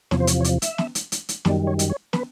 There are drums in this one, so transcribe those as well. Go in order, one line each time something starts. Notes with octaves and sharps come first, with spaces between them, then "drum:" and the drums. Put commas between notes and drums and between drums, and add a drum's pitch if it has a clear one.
E2 C3 F3 C#5, drum: snare
C5
C#5, drum: hi-hat
C#5
D5, drum: hi-hat
E5, drum: hi-hat
drum: snare
drum: hi-hat
drum: hi-hat
drum: hi-hat
F#2 D#3 G3 D5, drum: snare
C#5
drum: hi-hat
C#5
B4, drum: snare